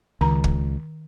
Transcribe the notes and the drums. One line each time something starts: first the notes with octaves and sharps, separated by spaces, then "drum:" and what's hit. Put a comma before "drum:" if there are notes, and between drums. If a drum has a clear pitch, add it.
C#2 D#3 A#5
drum: kick